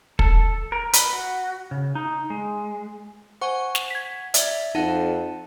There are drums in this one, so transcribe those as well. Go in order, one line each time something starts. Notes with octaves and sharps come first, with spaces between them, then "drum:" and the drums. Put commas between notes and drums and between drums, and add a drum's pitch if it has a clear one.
A4, drum: kick
A#4
B4, drum: hi-hat
F#4
C#3
D#4
G#3
C5 F#5 G#5 C#6
drum: snare
G#6 B6
D5 E5, drum: hi-hat
F2 D#4 F#5 A5